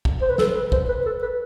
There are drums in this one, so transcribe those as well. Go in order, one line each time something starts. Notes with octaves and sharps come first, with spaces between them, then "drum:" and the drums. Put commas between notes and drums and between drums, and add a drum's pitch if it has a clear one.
drum: kick
C5
B4
A4, drum: snare
B4
C5, drum: kick
B4
A4
B4